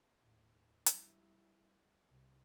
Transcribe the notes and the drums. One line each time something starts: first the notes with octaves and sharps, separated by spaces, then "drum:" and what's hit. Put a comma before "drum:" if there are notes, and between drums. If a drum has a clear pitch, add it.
D#2 A2
G3 E4, drum: hi-hat
C2 C3